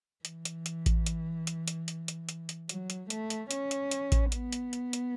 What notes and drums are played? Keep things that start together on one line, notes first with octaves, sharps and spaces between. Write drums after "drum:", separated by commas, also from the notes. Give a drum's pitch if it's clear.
E3, drum: hi-hat
drum: hi-hat
drum: hi-hat
drum: kick A1, hi-hat
drum: hi-hat
drum: hi-hat
drum: hi-hat
drum: hi-hat
drum: hi-hat
drum: hi-hat
drum: hi-hat
F#3, drum: hi-hat
drum: hi-hat
A3, drum: hi-hat
drum: hi-hat
C#4, drum: hi-hat
drum: hi-hat
drum: hi-hat
drum: kick A1, hi-hat
B3, drum: hi-hat
drum: hi-hat
drum: hi-hat
drum: hi-hat